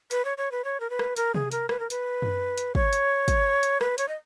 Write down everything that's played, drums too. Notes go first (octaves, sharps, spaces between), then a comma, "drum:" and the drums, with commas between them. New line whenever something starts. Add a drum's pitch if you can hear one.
B4, drum: hi-hat
C#5
C#5
B4
C#5
A#4
B4
drum: rim click
A#4, drum: hi-hat
G#4, drum: tom C3
A#4, drum: hi-hat
B4, drum: rim click
A#4
B4, drum: hi-hat
drum: tom F#2
drum: hi-hat
C#5, drum: kick
drum: hi-hat
drum: kick, hi-hat
drum: hi-hat
B4, drum: rim click
C#5, drum: hi-hat
D#5